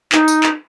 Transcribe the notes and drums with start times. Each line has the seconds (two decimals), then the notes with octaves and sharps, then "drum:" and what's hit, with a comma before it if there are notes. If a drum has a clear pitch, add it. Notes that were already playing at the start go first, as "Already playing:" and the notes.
0.12 D#4, drum: clap
0.28 drum: tambourine
0.43 drum: clap